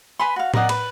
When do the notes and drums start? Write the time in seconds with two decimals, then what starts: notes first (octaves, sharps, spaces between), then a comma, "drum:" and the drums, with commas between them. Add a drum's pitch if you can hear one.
0.19 B4 G#5 B5 C6
0.36 F#4 F5
0.54 A#4 D5 D#5 F#5, drum: tom A2
0.69 B4, drum: cymbal